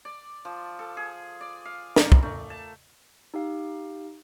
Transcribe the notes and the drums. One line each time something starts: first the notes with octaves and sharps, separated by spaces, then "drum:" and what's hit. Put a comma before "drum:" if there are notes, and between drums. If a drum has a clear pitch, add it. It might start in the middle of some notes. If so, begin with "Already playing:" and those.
D5
F3
A4
G#4
D5
F5
A#4, drum: snare
drum: kick
A3
A5
D#4 G4 F5